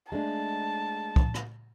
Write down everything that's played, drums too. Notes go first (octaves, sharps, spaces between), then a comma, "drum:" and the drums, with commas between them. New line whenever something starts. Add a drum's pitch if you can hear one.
G#3 A3 D4 A5
drum: kick
drum: rim click